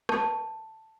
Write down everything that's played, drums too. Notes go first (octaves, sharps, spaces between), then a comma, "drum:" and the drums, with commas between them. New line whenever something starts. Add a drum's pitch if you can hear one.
A5, drum: rim click